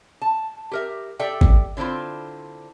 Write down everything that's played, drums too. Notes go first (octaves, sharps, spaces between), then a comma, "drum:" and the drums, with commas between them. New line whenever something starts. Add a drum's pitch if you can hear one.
A5
G4 A#4 E5
G4 A4 D5 E5 G5
drum: kick G#1
D3 F3 C4 E4 F4